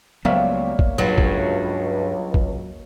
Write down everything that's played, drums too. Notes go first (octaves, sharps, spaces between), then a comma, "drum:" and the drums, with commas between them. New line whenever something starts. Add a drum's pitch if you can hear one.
C#2 F#3 G3 A#3 B3 C#5 E5
drum: kick
C#2 G2 F#3
drum: kick
drum: kick